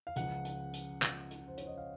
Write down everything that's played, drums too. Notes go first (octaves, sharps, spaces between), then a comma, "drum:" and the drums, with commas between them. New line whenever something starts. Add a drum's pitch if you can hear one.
F5
C#2 C#3 F3 F#5, drum: hi-hat
drum: hi-hat
drum: hi-hat
C#2 C#3 F3, drum: clap
drum: hi-hat
C5
C#5, drum: hi-hat
D#5
F5